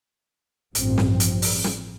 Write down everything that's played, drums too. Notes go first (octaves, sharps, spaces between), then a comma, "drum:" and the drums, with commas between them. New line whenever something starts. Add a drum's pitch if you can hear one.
A1 G2 F3 C4, drum: hi-hat
drum: snare
drum: hi-hat
drum: open hi-hat
drum: snare